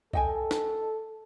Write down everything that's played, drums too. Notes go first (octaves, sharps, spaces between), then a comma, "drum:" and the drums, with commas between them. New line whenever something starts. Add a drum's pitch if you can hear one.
A4 D#5 G5 G#5, drum: kick B1
drum: snare